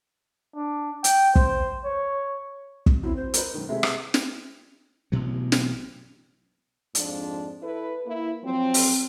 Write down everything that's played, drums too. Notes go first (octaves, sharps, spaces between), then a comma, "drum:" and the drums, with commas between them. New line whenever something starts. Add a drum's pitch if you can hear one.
D4
G5, drum: hi-hat
C5, drum: kick
C#5
drum: kick
F#3 C4 E4
C5
A#4 B4, drum: hi-hat
F#2 D#3
C3 G#3 A3 E5
drum: rim click
drum: snare
A1 G2 B2 F#3
drum: snare
F2 G#2 F3 D4, drum: hi-hat
E4 A4 B4
A#3 E4
F3 F#3 C4
drum: open hi-hat